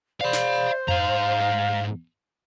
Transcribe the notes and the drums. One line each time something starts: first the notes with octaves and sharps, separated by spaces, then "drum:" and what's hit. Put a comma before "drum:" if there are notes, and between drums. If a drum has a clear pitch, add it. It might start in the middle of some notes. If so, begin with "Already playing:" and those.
C5 D5 F5 B5
drum: snare
G#2 F5 A#5, drum: tom F2